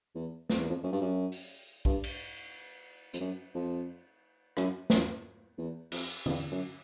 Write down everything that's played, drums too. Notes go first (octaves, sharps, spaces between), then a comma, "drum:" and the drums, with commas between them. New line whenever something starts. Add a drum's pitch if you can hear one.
E2
F2, drum: snare
E2
F2
F#2
G2
F#2
drum: open hi-hat
G2, drum: kick A#1
drum: cymbal
F2, drum: hi-hat
F#2
F2
F#2, drum: rim click
F#2, drum: snare
E2
F2, drum: cymbal
E2, drum: tom
F#2